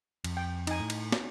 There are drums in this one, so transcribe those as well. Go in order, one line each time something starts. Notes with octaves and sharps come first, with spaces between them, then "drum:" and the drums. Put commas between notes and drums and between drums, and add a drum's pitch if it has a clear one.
F2, drum: cymbal
G5
D#4 G#5, drum: cymbal
A2
drum: cymbal
drum: snare